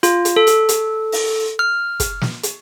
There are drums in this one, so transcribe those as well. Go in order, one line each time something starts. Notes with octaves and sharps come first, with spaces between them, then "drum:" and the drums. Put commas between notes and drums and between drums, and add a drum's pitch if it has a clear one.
F4, drum: hi-hat
drum: hi-hat
A4
drum: hi-hat
drum: hi-hat
drum: open hi-hat
F6
drum: kick, hi-hat
drum: snare
drum: hi-hat